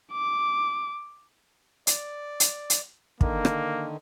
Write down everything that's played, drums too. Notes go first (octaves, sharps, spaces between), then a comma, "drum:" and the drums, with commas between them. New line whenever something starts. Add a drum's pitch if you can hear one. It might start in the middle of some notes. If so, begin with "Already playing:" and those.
D6
D5, drum: hi-hat
drum: hi-hat
drum: hi-hat
D3 D#3 A#3, drum: kick
drum: rim click